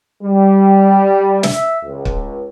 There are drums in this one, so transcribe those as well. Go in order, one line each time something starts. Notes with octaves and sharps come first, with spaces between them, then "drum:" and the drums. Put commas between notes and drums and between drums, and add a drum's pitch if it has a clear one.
G3
E5, drum: snare
C#2
drum: kick